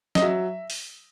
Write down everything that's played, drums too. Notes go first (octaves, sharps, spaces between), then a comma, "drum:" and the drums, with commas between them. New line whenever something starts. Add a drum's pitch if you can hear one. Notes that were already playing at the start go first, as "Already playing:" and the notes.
D#5, drum: snare
F#3 E5
drum: open hi-hat